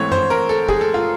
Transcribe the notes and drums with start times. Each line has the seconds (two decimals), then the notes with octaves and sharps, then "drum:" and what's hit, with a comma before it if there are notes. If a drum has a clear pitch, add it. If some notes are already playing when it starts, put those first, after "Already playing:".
Already playing: G#2 E3 A3 C4 C#5
0.12 C5, drum: tom F#2
0.30 A#4
0.49 A4
0.69 G#4, drum: kick
0.81 A4
0.94 F4